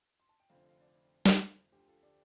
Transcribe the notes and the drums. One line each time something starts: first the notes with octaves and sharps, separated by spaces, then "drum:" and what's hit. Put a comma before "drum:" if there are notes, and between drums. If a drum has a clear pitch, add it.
C6
A5
G5
F1 F2 D3 F3 C4 C5 F5
F5
A4 D5
drum: snare
D2 D3 F3 G4 C5
F4 A4
D4 G4